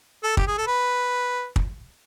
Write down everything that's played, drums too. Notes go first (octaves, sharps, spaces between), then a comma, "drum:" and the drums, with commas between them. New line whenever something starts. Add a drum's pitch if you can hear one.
A4
G4, drum: kick
G#4
A4
B4
drum: kick